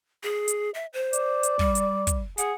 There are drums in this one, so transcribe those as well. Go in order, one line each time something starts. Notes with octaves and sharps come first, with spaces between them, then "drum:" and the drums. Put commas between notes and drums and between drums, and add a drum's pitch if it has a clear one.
G#4
drum: hi-hat
E5
C5
D5, drum: hi-hat
drum: hi-hat
G3, drum: kick
drum: hi-hat
drum: kick, hi-hat
G#4 F#5, drum: hi-hat